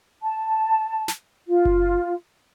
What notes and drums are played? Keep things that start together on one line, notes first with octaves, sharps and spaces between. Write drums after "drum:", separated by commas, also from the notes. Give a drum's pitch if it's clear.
A5
drum: snare
F4
drum: kick F#1